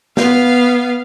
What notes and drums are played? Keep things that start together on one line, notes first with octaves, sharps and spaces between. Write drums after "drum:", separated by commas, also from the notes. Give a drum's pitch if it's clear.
B3 F5, drum: snare